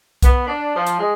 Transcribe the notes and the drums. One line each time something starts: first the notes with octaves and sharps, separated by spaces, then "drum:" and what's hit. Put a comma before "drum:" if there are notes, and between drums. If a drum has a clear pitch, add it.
B3, drum: kick, hi-hat
D4
F3
drum: hi-hat
G#3